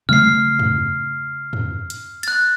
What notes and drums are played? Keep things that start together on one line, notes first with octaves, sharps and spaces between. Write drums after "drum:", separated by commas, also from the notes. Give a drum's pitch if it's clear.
C#3 A3 F6 C7, drum: tom
drum: tom
drum: tom
drum: hi-hat
F#6 A6, drum: cymbal